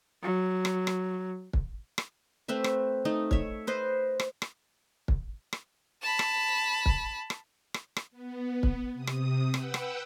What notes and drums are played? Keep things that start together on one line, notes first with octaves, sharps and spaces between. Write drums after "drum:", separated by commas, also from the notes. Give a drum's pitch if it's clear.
F#3
drum: rim click
drum: rim click
drum: kick
drum: rim click
A3 C4 B4 E5
drum: rim click
A3 D#4
C#5 E5, drum: kick
B4 C5 D#5
drum: rim click
drum: rim click
drum: kick
drum: rim click
A5 B5
drum: rim click
drum: kick
drum: rim click
drum: rim click
drum: rim click
B3
drum: kick
C3 D#6
drum: rim click
B4 F#5 G5 E6, drum: rim click
drum: rim click